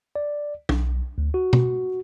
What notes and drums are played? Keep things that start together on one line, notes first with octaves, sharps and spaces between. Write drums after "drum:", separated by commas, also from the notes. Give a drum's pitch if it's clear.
D5
B1, drum: tom
D2
F#4
drum: tom B2